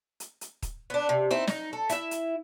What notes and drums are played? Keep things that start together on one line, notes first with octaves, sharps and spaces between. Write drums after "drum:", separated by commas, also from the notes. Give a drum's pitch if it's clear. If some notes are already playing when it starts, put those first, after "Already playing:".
drum: hi-hat
drum: hi-hat
drum: kick D#1, hi-hat
B3 D4
C3
C4 D#4 E4
D#4, drum: snare
A4
E4 E5, drum: hi-hat
drum: hi-hat